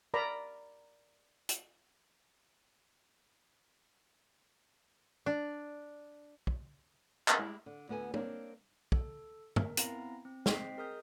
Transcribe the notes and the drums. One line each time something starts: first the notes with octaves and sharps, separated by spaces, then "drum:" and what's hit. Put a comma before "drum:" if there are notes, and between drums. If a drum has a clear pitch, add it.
A#4 D5 A#5 B5
drum: hi-hat
D4
drum: kick
drum: clap
G3 G#3 E4 G4
D3
D2 B3 A4 G#5
A#3 C4 D4 A#4 C#5, drum: tom
A4, drum: kick
A#4, drum: tom
B3 C4 E4 F5 A#5 A#6, drum: hi-hat
C4
C4 C5 D#5 G5 B6 C7, drum: snare
G#4 A#4 D#5 D#6 F6 G6